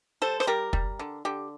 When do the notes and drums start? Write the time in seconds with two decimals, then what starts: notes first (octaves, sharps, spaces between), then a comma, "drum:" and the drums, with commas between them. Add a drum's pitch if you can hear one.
0.22 G3 A4 C5
0.40 C5, drum: rim click
0.47 G3 G4 A#4
0.73 G3, drum: kick
0.99 D3
1.25 D3 G4